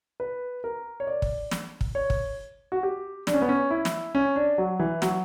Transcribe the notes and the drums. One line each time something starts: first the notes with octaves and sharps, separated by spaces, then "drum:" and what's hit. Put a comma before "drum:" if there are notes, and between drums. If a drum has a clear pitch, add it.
B4
A#4
C#5
D5
drum: kick
drum: snare
drum: kick
C#5
drum: kick
F#4
G4
D4, drum: snare
C#4
B3
C#4
E4
drum: snare
C#4
D4
F#3
E3
F#3, drum: snare